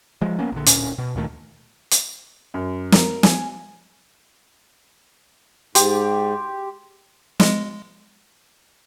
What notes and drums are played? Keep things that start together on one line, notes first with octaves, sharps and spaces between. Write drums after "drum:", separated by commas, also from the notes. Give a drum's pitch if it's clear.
F3 G#3
A#3 B3 C#4
A#1 D3
D1 A#2 C#4, drum: hi-hat
B2
D2 A#2 D#3 A3
drum: hi-hat
F#2
A#4, drum: snare
G#5, drum: snare
G#2 G4 C6, drum: hi-hat
G#3, drum: snare